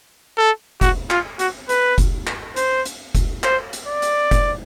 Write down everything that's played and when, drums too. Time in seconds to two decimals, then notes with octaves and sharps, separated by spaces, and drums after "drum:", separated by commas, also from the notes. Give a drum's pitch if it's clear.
0.38 A4
0.81 F#4, drum: kick F1, hi-hat
1.10 F4, drum: clap
1.39 F#4, drum: hi-hat
1.69 B4, drum: hi-hat
1.98 drum: kick F1, hi-hat
2.27 drum: clap
2.56 C5, drum: hi-hat
2.85 drum: hi-hat
3.15 drum: kick F1, hi-hat
3.44 C5, drum: clap
3.73 drum: hi-hat
3.88 D5
4.02 drum: hi-hat
4.31 drum: kick F1, hi-hat